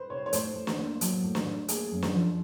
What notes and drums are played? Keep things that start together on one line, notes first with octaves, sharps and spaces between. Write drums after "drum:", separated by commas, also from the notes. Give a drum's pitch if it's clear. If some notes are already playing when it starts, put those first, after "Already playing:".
Already playing: B4 C5
C3 C#5
C#5
A2 C5, drum: hi-hat
A2
drum: snare
A#3
F#3, drum: hi-hat
A2
drum: snare
A2
A#3 G#4, drum: hi-hat
F#2
drum: snare
F3